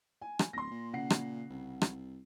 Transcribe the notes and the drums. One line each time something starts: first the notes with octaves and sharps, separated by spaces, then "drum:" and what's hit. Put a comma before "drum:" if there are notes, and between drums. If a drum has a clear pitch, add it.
G#5
drum: rim click
D1 C6 A#6
A#2
C#3 F#5 C7
drum: rim click
C2
drum: rim click